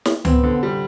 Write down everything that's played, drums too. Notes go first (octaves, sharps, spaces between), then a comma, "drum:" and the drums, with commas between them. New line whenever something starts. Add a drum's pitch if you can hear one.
drum: snare
B3 C4, drum: tom C#2
D3
G3